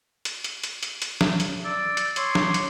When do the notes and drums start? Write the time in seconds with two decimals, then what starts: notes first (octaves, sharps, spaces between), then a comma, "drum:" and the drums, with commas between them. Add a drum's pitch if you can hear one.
0.25 drum: hi-hat
0.44 drum: hi-hat
0.63 drum: hi-hat
0.83 drum: hi-hat
1.02 drum: hi-hat
1.21 drum: snare
1.40 drum: hi-hat
1.64 D5 E6
1.97 drum: hi-hat
2.16 C#5 C6 D6, drum: hi-hat
2.35 drum: snare
2.54 drum: hi-hat